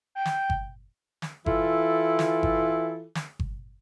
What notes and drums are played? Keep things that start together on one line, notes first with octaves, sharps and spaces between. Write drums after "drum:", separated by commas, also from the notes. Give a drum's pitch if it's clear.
G5
drum: snare
drum: kick G1
drum: snare
E3 E4 F4 A4, drum: kick G1
drum: snare
drum: kick G1
drum: snare
drum: kick G1